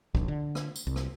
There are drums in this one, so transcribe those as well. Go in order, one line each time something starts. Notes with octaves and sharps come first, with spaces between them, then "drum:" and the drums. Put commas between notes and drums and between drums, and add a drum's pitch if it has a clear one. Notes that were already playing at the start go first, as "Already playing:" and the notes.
D#1 A#1, drum: kick
D3
drum: rim click
drum: tambourine
C2
drum: rim click